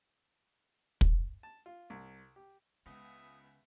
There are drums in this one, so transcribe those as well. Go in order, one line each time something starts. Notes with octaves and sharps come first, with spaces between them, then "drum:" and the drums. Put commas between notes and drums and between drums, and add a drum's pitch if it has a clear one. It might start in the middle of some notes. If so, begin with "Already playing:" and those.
drum: kick
A5
F4
C2
G4
C#2 C#3 B3 E5 D#6